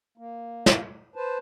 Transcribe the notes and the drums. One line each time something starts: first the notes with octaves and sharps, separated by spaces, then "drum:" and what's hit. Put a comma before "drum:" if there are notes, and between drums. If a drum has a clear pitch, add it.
A#3
drum: snare
B4 C5 A5